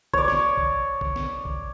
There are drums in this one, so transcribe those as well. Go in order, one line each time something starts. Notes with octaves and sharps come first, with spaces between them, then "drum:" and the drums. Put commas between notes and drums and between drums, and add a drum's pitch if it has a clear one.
C#5 D5, drum: kick
drum: snare
drum: kick
drum: kick
drum: snare
drum: kick